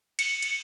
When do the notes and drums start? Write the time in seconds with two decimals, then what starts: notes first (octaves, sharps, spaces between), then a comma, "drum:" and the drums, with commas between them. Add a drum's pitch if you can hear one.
0.19 C#7, drum: cymbal
0.42 drum: cymbal